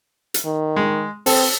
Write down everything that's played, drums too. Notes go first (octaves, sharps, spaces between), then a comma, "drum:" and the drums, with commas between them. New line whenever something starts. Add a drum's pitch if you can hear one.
drum: hi-hat
D#3
G#3
C4 A4, drum: open hi-hat